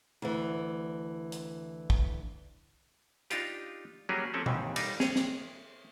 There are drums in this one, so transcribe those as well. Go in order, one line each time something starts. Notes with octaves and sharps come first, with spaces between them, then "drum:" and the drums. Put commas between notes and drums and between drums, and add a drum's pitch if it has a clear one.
D2 E3
drum: hi-hat
drum: kick
D4 D#4 F4 G4, drum: hi-hat
F#3 G3 A#3 C#4 G4 G#4
F3 A3 C4 C#4 A4
D#2 G#2 C3 D#3 E3, drum: tom B2
G3 D4 D#4, drum: cymbal
G#4 C#5, drum: snare
drum: snare